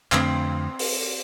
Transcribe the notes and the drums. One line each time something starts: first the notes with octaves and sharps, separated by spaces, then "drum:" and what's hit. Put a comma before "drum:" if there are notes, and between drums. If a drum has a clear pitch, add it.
F2 D3 A3 C4 D4, drum: clap
drum: open hi-hat